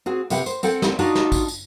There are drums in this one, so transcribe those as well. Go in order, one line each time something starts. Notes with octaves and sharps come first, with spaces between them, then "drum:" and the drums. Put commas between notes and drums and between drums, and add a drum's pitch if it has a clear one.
C4 F#4 G#4
C3 B3 G4 F#5 G5, drum: tambourine
C5, drum: tambourine
C4 A4 F#5 G5, drum: tambourine
drum: snare
D4 D#4 F4 F#4 D5 D#5, drum: tambourine
drum: snare
drum: kick, tambourine
drum: tambourine